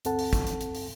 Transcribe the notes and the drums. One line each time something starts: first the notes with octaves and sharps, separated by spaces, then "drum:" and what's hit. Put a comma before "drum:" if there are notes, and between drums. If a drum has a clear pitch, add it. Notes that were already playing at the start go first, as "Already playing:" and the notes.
D2 G2 C4 A4 F#5 A5, drum: hi-hat
drum: open hi-hat
drum: kick, hi-hat
drum: hi-hat
drum: hi-hat
drum: open hi-hat